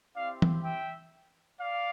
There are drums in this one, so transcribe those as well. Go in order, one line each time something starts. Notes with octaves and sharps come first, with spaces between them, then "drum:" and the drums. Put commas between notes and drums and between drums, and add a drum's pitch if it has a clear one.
C4 E4 G4 D5 F5
drum: tom E3
E5 G5
D5 F5